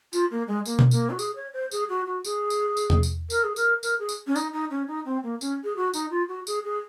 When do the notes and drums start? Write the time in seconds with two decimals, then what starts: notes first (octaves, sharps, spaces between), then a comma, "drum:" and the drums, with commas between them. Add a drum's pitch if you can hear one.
0.13 F4, drum: tambourine
0.31 A#3
0.47 G#3
0.65 A#3, drum: tambourine
0.79 drum: tom B2
0.91 A#3, drum: tambourine
1.10 F#4
1.19 G#4, drum: tambourine
1.36 C#5
1.54 C5
1.71 G#4, drum: tambourine
1.89 F#4
2.06 F#4
2.25 G#4, drum: tambourine
2.50 drum: tambourine
2.77 drum: tambourine
2.90 drum: tom E2
3.03 drum: tambourine
3.30 A#4, drum: tambourine
3.44 G#4
3.56 A#4, drum: tambourine
3.83 A#4, drum: tambourine
3.99 G#4
4.09 drum: tambourine
4.27 C#4
4.36 D#4, drum: tambourine
4.53 D#4
4.70 C#4
4.88 D#4
5.05 C4
5.23 A#3
5.41 C#4, drum: tambourine
5.64 G#4
5.76 F#4
5.94 D#4, drum: tambourine
6.10 F4
6.28 F#4
6.47 G#4, drum: tambourine
6.64 G#4